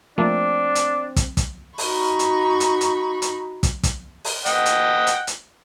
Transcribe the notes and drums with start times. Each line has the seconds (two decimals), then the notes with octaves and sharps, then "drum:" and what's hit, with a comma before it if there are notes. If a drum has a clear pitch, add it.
0.18 F3 A3 A#3 C4 D4 D5
0.75 drum: hi-hat
1.16 drum: kick, hi-hat
1.37 drum: kick, hi-hat
1.78 D#4 F#4 B5 C#6, drum: open hi-hat
2.19 drum: hi-hat
2.60 drum: hi-hat
2.81 drum: hi-hat
3.22 drum: hi-hat
3.63 drum: kick, hi-hat
3.83 drum: kick, hi-hat
4.25 drum: open hi-hat
4.46 D#5 F#5 G5, drum: hi-hat
4.66 drum: hi-hat
5.07 drum: hi-hat
5.27 drum: hi-hat